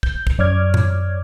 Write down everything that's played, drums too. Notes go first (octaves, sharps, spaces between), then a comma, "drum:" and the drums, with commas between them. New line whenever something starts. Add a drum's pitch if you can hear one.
G6, drum: kick
drum: kick
F#2 C#5 D5 D6 F6 G#6
drum: tom G#2